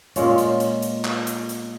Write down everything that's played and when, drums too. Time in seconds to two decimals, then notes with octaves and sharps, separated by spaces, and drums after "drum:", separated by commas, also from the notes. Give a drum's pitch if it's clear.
0.16 A#2 G#3 C#4 F4, drum: hi-hat
0.38 drum: hi-hat
0.60 drum: hi-hat
0.82 drum: hi-hat
1.05 drum: clap
1.27 drum: hi-hat
1.49 drum: hi-hat